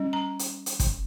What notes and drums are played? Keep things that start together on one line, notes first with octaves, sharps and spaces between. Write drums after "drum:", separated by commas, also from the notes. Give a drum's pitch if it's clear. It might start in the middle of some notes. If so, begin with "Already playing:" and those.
Already playing: G3 C#4
A#5
drum: hi-hat
drum: hi-hat
drum: kick, hi-hat